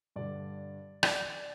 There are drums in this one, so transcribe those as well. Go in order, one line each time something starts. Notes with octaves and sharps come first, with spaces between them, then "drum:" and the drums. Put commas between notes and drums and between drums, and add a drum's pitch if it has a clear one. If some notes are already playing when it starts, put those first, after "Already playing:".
G2 D3 D5
D5, drum: rim click